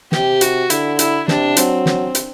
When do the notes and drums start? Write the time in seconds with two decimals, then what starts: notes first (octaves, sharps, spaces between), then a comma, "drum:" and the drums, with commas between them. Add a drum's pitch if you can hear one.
0.12 C3 G4, drum: snare
0.41 F#4, drum: hi-hat
0.70 D3 E4, drum: hi-hat
0.99 E4, drum: hi-hat
1.28 C3 D4, drum: snare
1.57 F#3 C4, drum: hi-hat
1.86 drum: snare
2.15 drum: hi-hat